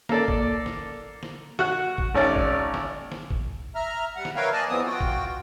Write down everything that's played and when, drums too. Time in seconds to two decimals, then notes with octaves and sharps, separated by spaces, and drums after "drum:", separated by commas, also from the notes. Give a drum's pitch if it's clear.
0.09 A#3 A4 D5, drum: snare
0.28 drum: kick
0.66 drum: snare
1.23 drum: snare
1.59 F#4 F#6, drum: snare
1.98 drum: kick
2.15 G#1 C#4 D5
2.36 drum: kick
2.74 drum: snare
3.12 drum: snare
3.31 drum: kick
3.75 E5 A#5 F6
4.16 G3 F#5
4.25 drum: snare
4.36 A#4 B4 C#5 E5 F5 G5
4.53 D5 D#5 G#5 A5
4.69 E2 E3 F3 B3 C4 D#6
4.87 F4 F#4 G5
5.01 drum: kick